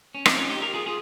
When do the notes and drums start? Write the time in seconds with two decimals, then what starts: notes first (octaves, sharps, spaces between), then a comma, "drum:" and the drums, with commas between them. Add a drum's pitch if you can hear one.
0.15 C#4
0.25 C4 D#4, drum: rim click
0.38 C#4 F4
0.50 D#4 G4
0.62 G4 A#4
0.74 F4 G#4
0.86 F4 G#4